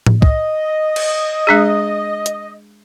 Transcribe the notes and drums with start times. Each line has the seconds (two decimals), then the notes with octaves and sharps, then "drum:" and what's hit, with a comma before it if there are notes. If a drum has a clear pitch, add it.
0.06 drum: tom A2
0.22 D#5, drum: kick
0.96 drum: cymbal
1.47 G#3 D4 G#4
2.26 drum: hi-hat